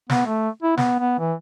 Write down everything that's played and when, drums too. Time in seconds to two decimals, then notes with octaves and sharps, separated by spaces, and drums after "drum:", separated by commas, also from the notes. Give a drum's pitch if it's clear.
0.09 B3, drum: snare
0.26 A3
0.63 E4
0.77 B3, drum: snare
1.00 B3
1.19 E3